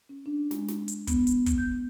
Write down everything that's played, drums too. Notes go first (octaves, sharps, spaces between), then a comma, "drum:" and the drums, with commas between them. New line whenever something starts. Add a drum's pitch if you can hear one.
C#4
D4
G#3, drum: snare
drum: snare
drum: hi-hat
B3, drum: kick, hi-hat
drum: hi-hat
drum: kick, hi-hat
G6